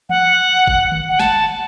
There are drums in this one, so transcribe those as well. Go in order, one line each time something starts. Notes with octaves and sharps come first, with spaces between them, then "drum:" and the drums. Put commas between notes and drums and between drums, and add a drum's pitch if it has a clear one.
F#5, drum: tom E3
drum: kick
drum: tom D3
F#5
A5, drum: snare